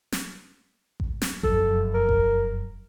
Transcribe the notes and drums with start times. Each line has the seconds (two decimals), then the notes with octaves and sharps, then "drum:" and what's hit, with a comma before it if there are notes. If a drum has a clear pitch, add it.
0.12 drum: snare
1.00 drum: kick A1
1.22 drum: snare
1.43 F1 F#2 A4, drum: kick A1
1.94 A#4
2.09 drum: kick A1